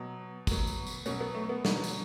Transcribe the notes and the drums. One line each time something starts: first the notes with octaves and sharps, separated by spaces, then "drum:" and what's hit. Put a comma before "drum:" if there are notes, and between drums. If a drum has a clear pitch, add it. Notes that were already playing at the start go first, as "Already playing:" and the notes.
Already playing: B2 F#3
B2 F#3, drum: kick, tambourine
drum: tambourine
drum: tambourine
B2 F#3 C#4, drum: tambourine
B3
A3
B3
B2 F#3, drum: snare
drum: tambourine